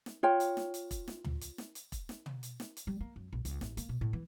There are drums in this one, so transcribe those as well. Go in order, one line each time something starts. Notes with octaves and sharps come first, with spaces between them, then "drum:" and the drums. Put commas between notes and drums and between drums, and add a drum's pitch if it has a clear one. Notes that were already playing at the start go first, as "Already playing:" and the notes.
drum: snare
F4 C#5 G5
drum: hi-hat
drum: snare
drum: hi-hat
drum: kick E1, hi-hat
drum: snare
drum: tom
drum: hi-hat
drum: snare
drum: hi-hat
drum: kick E1, hi-hat
drum: snare
drum: tom
drum: hi-hat
drum: snare
drum: hi-hat
G3
A#3
F#2
A#1
C#2, drum: hi-hat
A1, drum: snare
A#3, drum: hi-hat
B2
A2
E3